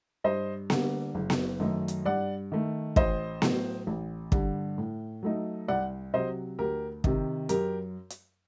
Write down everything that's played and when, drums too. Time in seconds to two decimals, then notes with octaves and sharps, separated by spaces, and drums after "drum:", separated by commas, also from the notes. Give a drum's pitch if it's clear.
0.24 G2 C5 D#5
0.70 D3 G3 A#3, drum: snare B3
1.15 F#1
1.30 drum: snare B3
1.60 F#2 D#3 A3 D#4
1.88 drum: hi-hat
2.05 G2 D5 F#5
2.52 D#3 A3
2.96 A1 C5 D#5, drum: kick
3.42 A2 F#3, drum: snare B3
3.87 A1
4.32 G2 D3 G3, drum: kick
4.78 A2
5.23 F#3 A3 D#4
5.68 C2 D5 F#5
6.14 C3 F#3 C5 D#5
6.59 D2 G4 A#4
7.04 C3 D#3, drum: kick
7.49 F#2 G4 A#4, drum: hi-hat
8.10 drum: hi-hat